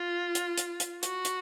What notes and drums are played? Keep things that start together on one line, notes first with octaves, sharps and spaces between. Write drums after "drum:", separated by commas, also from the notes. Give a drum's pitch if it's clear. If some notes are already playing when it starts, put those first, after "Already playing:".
Already playing: F4
drum: hi-hat
drum: hi-hat
drum: hi-hat
F#4, drum: hi-hat
drum: hi-hat